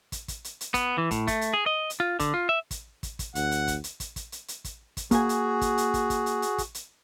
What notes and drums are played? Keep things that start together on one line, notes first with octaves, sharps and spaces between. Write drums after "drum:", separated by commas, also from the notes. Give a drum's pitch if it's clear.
drum: kick, hi-hat
drum: kick, hi-hat
drum: hi-hat
drum: hi-hat
B3, drum: kick, hi-hat
E3
A2, drum: kick, hi-hat
A3, drum: kick, hi-hat
drum: hi-hat
G#4
D#5
drum: hi-hat
F4
D3, drum: kick, hi-hat
F4
E5
drum: kick, hi-hat
drum: kick, hi-hat
drum: kick, hi-hat
D2 F#5, drum: hi-hat
drum: hi-hat
drum: kick, hi-hat
drum: hi-hat
drum: kick, hi-hat
drum: kick, hi-hat
drum: hi-hat
drum: hi-hat
drum: kick, hi-hat
drum: kick, hi-hat
A#3 F#4 G#4 G#5, drum: kick, hi-hat
drum: hi-hat
drum: kick, hi-hat
drum: hi-hat
drum: kick, hi-hat
drum: kick, hi-hat
drum: hi-hat
drum: hi-hat
drum: kick, hi-hat
drum: hi-hat